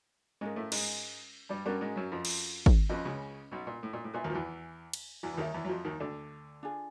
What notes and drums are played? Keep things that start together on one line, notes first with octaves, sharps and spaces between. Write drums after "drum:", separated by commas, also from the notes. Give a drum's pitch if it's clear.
G#2 G#3 C#4 F4 A#4
A2 A3
G#2 G#3, drum: cymbal
G2 G3
G2 G3 C#4 F#4 A#4
G#2 G#3
F#2 F#3
F2 F3
drum: cymbal
drum: kick G#1
F2 F3 C#4 F#4 B4 D#5
C#2 C#3
B1 B2
A#2
A2
A#2
A2
A#2 B4 E5 G#5
D#2 D#3
F3
E2 E3
drum: cymbal
E2 E3
E3
D#2 D#3 G#4 C#5 E5
E2 E3
F#3
F2 F3
D#2 D#3
D2 D3
D4 F4 G#4